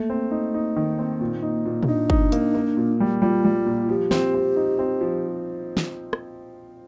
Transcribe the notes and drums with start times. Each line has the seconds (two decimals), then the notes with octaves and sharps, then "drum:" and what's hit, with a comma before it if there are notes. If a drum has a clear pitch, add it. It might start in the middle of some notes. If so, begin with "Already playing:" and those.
Already playing: A3 A#3
0.10 C4
0.31 D#4
0.54 D#4
0.76 D#3
0.99 C4
1.21 A#2
1.43 D#4
1.66 A#2
1.83 C4, drum: tom
1.87 D4 D#4
2.10 D#4, drum: kick G1
2.32 A#3, drum: hi-hat
2.54 A#3
2.77 A#2
3.00 G3
3.22 G3 F4
3.44 G3
3.66 A#2
3.89 F3 G4
4.11 C4, drum: snare
4.34 C4
4.56 D#4
4.79 C4
5.01 F3
5.77 drum: snare
6.13 drum: rim click